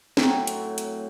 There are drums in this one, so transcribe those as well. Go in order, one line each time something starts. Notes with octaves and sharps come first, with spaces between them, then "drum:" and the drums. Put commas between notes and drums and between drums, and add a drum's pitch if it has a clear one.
A2 F#3 C4 A#4, drum: snare
drum: hi-hat
drum: hi-hat